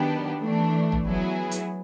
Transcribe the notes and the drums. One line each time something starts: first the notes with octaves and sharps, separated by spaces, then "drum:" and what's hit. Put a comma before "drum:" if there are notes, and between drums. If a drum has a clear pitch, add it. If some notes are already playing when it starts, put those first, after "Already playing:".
Already playing: D#3 F#3 B3 D4 G4
E3 A3 D4
drum: tom
F#3 B3 E4 G#4
drum: hi-hat